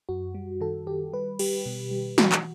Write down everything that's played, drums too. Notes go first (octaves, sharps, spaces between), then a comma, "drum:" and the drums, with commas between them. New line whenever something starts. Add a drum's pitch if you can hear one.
F#2 F#4
G3
D#3 A4
D#3 G4
G3 B4
G3 G4, drum: cymbal
B2
G3
E3 F#4, drum: snare
drum: clap